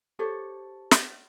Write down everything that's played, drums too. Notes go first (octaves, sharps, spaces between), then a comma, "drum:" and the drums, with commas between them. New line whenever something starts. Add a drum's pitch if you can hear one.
G4 A4 C5 C#5
drum: snare